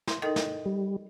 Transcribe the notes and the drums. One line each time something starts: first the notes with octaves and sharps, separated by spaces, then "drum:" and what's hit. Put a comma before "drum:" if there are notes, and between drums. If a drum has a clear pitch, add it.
C6, drum: snare
D#3 D#4 A4
drum: snare
G3